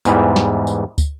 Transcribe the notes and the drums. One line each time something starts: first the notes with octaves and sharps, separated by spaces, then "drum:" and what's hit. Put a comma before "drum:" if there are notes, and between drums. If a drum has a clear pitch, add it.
E2 G#2 E3 G3, drum: tambourine
drum: snare
drum: tambourine
drum: kick, tambourine